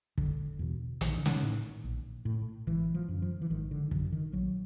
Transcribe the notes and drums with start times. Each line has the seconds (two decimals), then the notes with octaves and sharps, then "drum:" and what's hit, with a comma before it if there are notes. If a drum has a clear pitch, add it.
0.18 E1 D3, drum: kick
0.59 E2 B2
1.01 A#1 E3, drum: hi-hat
1.09 D#3
1.18 D3
1.26 D#3, drum: snare
1.43 A2
1.84 A#1
2.25 A2
2.67 G#1 E3
2.94 F3
3.08 F#2 D3
3.22 F3
3.41 E3
3.50 G#1 D#3
3.71 D3
3.91 F#2 D3 D#3, drum: kick
4.12 D#3
4.32 A#1 F#3